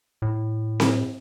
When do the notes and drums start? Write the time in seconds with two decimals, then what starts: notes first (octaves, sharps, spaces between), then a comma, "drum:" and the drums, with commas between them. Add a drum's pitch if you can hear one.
0.22 A2
0.80 drum: snare C4